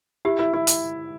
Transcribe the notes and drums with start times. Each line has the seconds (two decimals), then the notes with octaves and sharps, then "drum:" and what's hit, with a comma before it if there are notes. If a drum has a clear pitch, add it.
0.25 E4 G4
0.39 E4
0.54 E4
0.67 drum: hi-hat